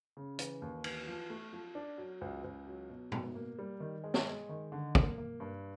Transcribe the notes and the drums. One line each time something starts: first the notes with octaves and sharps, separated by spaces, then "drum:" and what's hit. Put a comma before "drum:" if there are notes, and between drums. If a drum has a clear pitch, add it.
C#3
E3, drum: hi-hat
D#2
E3, drum: cymbal
F3
A3
F3
D4
F#3
C#2
C#2
F#3
B2
B2, drum: tom
A#3
G3
D#3
G#3
drum: snare
G#3
D#3
D3
A#3, drum: kick
A#3
G2